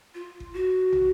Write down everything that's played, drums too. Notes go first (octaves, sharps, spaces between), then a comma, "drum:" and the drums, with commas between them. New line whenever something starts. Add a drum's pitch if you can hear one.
F4
drum: kick G1
F#4
drum: tom